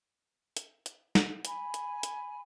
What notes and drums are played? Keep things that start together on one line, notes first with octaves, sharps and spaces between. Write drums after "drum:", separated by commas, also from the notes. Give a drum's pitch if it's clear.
drum: hi-hat
drum: hi-hat
drum: snare
G#5 B5, drum: hi-hat
drum: hi-hat
drum: hi-hat